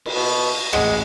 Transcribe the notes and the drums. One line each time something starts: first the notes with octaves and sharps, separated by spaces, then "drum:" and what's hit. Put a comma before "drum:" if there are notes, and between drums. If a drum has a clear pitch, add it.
drum: cymbal
B2
A1 G#3 F#5, drum: rim click